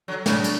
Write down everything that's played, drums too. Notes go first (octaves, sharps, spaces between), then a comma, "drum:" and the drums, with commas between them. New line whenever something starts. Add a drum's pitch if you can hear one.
D3 F#3
C#3 D4, drum: snare
drum: cymbal